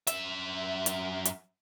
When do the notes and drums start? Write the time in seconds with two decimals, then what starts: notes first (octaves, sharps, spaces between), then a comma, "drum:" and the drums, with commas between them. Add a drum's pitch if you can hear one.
0.07 F#2 E5, drum: hi-hat
0.86 drum: hi-hat
1.25 drum: hi-hat